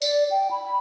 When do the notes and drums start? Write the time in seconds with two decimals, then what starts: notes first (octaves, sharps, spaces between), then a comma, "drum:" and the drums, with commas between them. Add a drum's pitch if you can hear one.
0.02 D5, drum: tambourine
0.31 G5
0.51 B5